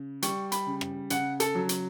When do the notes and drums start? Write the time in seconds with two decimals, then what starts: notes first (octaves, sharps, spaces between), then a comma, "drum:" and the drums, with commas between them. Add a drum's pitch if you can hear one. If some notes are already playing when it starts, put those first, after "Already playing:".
Already playing: C#3
0.22 G3 C#6, drum: hi-hat
0.52 B5, drum: hi-hat
0.66 C#3
0.81 drum: rim click
1.10 C#3 F#5, drum: hi-hat
1.40 A4, drum: hi-hat
1.55 F#3
1.69 drum: hi-hat